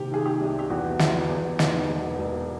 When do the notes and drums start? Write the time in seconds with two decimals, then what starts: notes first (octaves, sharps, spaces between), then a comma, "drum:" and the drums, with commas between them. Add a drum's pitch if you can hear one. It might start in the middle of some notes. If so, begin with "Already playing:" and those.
Already playing: C3 D#3 G4
0.11 D#3 G#4
0.26 G4
0.40 C2
0.59 G4
0.70 E2 F#4
0.99 E2 E4, drum: snare
1.29 E2
1.59 E2 D#4, drum: snare
1.88 E1
2.18 E1